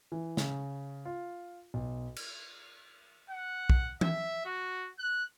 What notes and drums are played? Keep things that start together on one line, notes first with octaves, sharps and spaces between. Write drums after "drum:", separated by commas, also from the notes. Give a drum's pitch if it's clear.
E3
C#3, drum: snare
F4
B1
drum: cymbal
F#5
drum: kick
E5, drum: tom E3
F#4
F#6